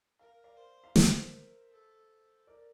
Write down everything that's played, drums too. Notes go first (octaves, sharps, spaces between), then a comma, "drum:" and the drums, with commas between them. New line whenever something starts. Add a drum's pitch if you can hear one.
A#4 F5
D5 F5
C5
F5
A#4 C5 E5, drum: snare
A4
A#4 D5